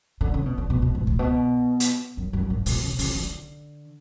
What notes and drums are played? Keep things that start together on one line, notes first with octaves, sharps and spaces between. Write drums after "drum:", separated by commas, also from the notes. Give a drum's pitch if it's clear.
D3
C#3
B2
D3
B2
B2
G#2
A2, drum: kick C#2
B2
drum: hi-hat
F#2
F#2
G#2
B2, drum: open hi-hat
C#3
C#3, drum: open hi-hat
D3